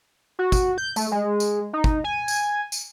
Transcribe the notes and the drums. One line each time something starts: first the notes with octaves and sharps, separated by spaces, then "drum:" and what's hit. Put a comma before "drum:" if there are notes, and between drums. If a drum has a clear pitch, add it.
F#4
drum: kick, tambourine
G6
A3, drum: tambourine
G#3
drum: tambourine
D#4
drum: kick
G#5
drum: tambourine
drum: tambourine